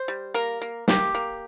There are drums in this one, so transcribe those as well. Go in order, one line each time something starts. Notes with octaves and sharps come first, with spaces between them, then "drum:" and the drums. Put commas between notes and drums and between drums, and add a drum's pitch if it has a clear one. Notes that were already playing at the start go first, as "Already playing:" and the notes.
Already playing: C5
G3
A#3 A#4
A#3
A#3 G4, drum: snare
A#3